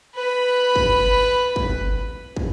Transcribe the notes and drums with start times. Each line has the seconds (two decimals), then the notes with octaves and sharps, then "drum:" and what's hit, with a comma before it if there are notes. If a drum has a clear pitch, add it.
0.15 B4 B5
0.76 drum: kick
1.56 drum: kick
2.37 drum: kick